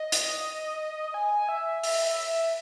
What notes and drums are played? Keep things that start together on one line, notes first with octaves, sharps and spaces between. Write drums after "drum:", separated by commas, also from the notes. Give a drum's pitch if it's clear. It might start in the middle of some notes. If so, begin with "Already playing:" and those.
Already playing: D#5
drum: hi-hat
G#5
E5
E5, drum: open hi-hat